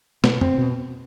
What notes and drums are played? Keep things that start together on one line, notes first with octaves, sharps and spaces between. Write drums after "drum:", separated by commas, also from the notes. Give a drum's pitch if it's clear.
B2 B3, drum: snare
C4, drum: tom
B2